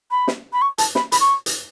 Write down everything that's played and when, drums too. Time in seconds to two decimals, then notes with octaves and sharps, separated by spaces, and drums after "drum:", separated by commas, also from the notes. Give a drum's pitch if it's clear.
0.11 B5
0.28 drum: snare
0.53 B5
0.62 C#6
0.78 A5, drum: hi-hat
0.95 B5, drum: snare
1.12 B5, drum: hi-hat
1.21 C#6
1.46 drum: hi-hat